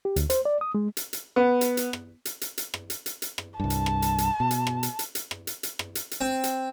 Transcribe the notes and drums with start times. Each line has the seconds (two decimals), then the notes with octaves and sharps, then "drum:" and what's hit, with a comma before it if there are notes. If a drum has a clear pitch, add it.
0.05 G4
0.16 D2, drum: hi-hat
0.30 C5, drum: hi-hat
0.45 D5
0.61 D#6
0.75 G#3
0.97 drum: hi-hat
1.13 drum: hi-hat
1.36 B3
1.61 drum: hi-hat
1.77 drum: hi-hat
1.93 drum: rim click
2.25 drum: hi-hat
2.41 drum: hi-hat
2.58 drum: hi-hat
2.74 drum: rim click
2.90 drum: hi-hat
3.06 drum: hi-hat
3.22 drum: hi-hat
3.38 drum: rim click
3.60 C2 G2 A5
3.70 drum: hi-hat
3.86 drum: rim click
4.02 drum: hi-hat
4.18 drum: hi-hat
4.40 B2
4.51 drum: hi-hat
4.67 drum: rim click
4.83 drum: hi-hat
4.99 drum: hi-hat
5.15 drum: hi-hat
5.31 drum: rim click
5.47 drum: hi-hat
5.63 drum: hi-hat
5.79 drum: rim click
5.95 drum: hi-hat
6.11 drum: hi-hat
6.21 C4
6.44 drum: hi-hat